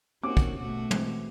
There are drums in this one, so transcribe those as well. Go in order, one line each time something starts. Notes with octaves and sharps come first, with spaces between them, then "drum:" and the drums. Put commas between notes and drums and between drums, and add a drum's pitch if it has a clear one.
A#3 C4 C#4 D#4 F#4 G4 D6
drum: kick
B2 A3 F#4
E3 G#3 C4, drum: tom